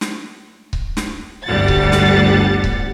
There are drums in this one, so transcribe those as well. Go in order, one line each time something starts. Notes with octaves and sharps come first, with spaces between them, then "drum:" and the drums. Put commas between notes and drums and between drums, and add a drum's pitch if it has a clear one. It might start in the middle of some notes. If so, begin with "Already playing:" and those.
drum: snare
drum: kick C#1
drum: snare
G1 D2 G3 F#5 A6
drum: kick C#1
drum: snare
drum: kick C#1